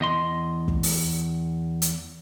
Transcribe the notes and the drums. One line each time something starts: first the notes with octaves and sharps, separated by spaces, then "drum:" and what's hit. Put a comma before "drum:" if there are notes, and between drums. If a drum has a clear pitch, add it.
E2 D#5 C6
drum: kick
drum: open hi-hat
drum: hi-hat